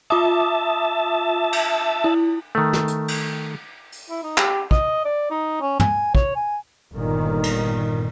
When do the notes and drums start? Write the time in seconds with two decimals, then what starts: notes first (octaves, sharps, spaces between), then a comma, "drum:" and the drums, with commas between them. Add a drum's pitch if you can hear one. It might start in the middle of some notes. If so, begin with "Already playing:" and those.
0.10 F4 E5 A5 D6 D#6
1.53 drum: cymbal
2.04 E4
2.55 D#3 A3
2.73 drum: snare
2.88 drum: hi-hat
3.08 drum: cymbal
3.92 drum: open hi-hat
4.09 E4
4.23 D#4
4.38 G4, drum: clap
4.71 D#5, drum: kick
5.05 D5
5.30 D#4
5.61 C#4
5.80 G#5, drum: tom
6.15 C#5, drum: kick
6.36 G#5
6.93 G1 A#2 D#3
7.43 drum: cymbal